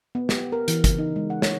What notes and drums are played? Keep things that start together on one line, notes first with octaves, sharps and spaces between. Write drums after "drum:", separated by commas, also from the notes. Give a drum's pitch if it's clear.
B3
G4, drum: snare
A#4
E3, drum: hi-hat
C#3, drum: kick, hi-hat
D#4
G#3
F#5
C#5, drum: snare